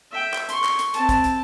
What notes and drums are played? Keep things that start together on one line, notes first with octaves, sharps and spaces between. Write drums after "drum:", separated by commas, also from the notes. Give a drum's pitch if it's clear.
E5 G5
drum: clap
C6 C#6, drum: hi-hat
drum: clap
drum: hi-hat
C4 A5, drum: hi-hat
drum: kick, hi-hat
drum: hi-hat